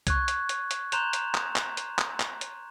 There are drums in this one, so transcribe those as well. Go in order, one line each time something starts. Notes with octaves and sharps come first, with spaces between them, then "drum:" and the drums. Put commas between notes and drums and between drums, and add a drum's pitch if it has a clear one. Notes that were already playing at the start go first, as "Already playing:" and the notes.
C#6 F#6 G#6, drum: kick C2, hi-hat
drum: hi-hat
drum: hi-hat
drum: hi-hat
A#5 C6 F#6 G6 E7 F7, drum: hi-hat
drum: hi-hat
drum: clap
drum: clap
drum: hi-hat
drum: clap
drum: clap
drum: hi-hat